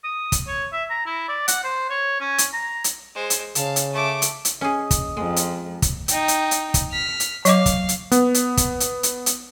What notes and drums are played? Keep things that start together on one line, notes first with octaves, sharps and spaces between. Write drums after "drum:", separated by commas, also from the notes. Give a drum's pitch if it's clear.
D#6
drum: kick, hi-hat
C#5
E5
A#5
E4
D5
F#5, drum: hi-hat
C5
C#5
C#4
drum: hi-hat
A#5
drum: hi-hat
G#3 C5
drum: hi-hat
C#3 F5 A5, drum: hi-hat
drum: hi-hat
A3 D6
drum: hi-hat
drum: hi-hat
C#4 G#4 D#5
drum: kick, hi-hat
F2 G#3
drum: hi-hat
drum: kick, hi-hat
D#4 G5, drum: hi-hat
drum: hi-hat
drum: hi-hat
drum: kick, hi-hat
F6 B6
drum: hi-hat
F#3 D#5 F5 D6, drum: hi-hat
drum: kick, hi-hat
drum: hi-hat
B3, drum: hi-hat
drum: hi-hat
drum: kick, hi-hat
drum: hi-hat
drum: hi-hat
drum: hi-hat